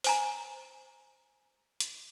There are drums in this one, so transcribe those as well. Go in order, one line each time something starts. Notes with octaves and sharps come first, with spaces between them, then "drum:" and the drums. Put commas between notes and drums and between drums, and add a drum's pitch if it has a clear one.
C5 G#5 A#5, drum: open hi-hat
drum: hi-hat